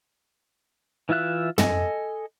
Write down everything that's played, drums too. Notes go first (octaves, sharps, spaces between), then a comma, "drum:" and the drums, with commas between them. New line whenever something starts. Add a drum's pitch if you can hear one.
E3 E4 F4 E5 F#6
A4 D#5 G#5, drum: tom